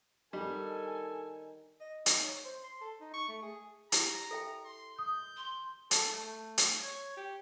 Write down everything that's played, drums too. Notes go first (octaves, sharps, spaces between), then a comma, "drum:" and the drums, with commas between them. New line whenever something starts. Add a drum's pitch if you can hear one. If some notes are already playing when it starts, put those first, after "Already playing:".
D#3 G3 A4 G#5
D#5
D#4, drum: hi-hat
C#5
C5
C6
A4
D#4
C#6
A3
G#4
E4 G4 A#5, drum: hi-hat
A4 E5 G5
C6
D#6 G6
C6
A4, drum: hi-hat
A3
drum: hi-hat
C#5
G4